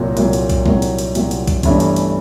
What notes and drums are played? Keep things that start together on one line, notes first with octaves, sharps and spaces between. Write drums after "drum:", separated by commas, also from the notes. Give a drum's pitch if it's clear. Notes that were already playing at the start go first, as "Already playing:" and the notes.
Already playing: C2 A#2 F#3
C2 A#2 F#3, drum: hi-hat
drum: hi-hat
drum: kick, hi-hat
C2 A#2 F#3, drum: kick
drum: hi-hat
drum: hi-hat
C2 A#2 F#3, drum: hi-hat
drum: hi-hat
drum: kick, hi-hat
G1 G2 E3 A3 C#4, drum: kick, hi-hat
drum: hi-hat
drum: hi-hat